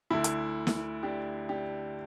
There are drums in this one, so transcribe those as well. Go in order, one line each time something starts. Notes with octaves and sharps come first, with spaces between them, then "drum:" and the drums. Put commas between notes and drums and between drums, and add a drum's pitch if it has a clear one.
D2 D3 E4
drum: hi-hat
drum: snare
D4 G4
D4 G4